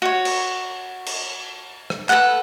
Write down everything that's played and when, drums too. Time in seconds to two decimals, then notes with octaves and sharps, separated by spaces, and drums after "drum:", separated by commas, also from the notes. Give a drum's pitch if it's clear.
0.02 F#4 C#5
0.25 drum: cymbal
1.06 drum: cymbal
1.90 drum: rim click
2.09 A4 B4 F#5, drum: clap